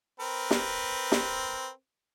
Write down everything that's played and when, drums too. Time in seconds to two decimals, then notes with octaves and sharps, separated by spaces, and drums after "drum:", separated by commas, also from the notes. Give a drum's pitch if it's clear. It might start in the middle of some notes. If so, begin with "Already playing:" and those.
0.20 C4 A#4 B4
0.51 drum: snare
1.12 drum: snare